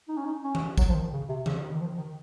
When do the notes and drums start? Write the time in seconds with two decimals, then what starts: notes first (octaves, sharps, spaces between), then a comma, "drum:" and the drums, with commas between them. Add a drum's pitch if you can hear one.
0.08 D#4
0.17 C#4
0.25 D#4
0.44 C#4
0.55 drum: tom D#3
0.78 F#3, drum: kick, tambourine
0.89 F3
0.95 D#3
1.13 C#3
1.29 C3
1.46 C#3, drum: tom D#3
1.64 D#3
1.75 D#3
1.81 F3
1.97 D#3